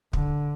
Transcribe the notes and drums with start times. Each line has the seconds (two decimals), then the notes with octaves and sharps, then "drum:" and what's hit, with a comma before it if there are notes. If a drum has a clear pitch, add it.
0.13 D3, drum: kick